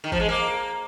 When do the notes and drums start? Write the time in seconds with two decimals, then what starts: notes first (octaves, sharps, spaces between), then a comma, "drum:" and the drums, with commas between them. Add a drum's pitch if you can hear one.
0.04 D#3
0.12 F3, drum: kick G1
0.20 G#3
0.29 A#3